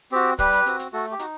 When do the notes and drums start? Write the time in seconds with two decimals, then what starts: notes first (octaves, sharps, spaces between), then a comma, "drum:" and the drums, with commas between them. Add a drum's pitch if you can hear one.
0.12 C4 F#4 G4
0.39 G3 G4 B4, drum: kick, hi-hat
0.53 drum: hi-hat
0.66 C4 F#4, drum: hi-hat
0.79 drum: hi-hat
0.93 A3 F#4 A4
1.11 G4
1.19 D#4 F#4, drum: hi-hat